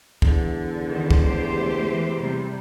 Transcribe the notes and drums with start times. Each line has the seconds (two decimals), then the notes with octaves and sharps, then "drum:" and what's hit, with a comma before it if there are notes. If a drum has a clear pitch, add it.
0.22 E2 D3, drum: kick
0.86 D#3
1.11 drum: kick
1.23 A3 G4 C5
1.87 E3
2.17 C3 G3